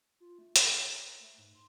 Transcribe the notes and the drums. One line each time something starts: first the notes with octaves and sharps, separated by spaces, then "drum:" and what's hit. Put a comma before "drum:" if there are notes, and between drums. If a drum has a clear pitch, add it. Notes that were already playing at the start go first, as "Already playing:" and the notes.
F4
A3
G4, drum: hi-hat
C#5
A#5
B4
A3
G#2
C6